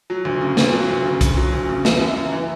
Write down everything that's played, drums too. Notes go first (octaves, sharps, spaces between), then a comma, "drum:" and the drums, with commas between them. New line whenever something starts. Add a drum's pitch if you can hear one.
F#3
D2
C#3
D2, drum: snare
F#3
D2
C#3
D2, drum: kick, hi-hat
F#3
D2
C#3
E3, drum: snare
F#2
F#2
E3